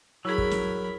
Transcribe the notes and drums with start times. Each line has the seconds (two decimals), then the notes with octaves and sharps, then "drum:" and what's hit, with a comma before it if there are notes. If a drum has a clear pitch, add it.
0.25 F#3 E4 G#4 A#4 B5
0.38 drum: kick
0.51 drum: snare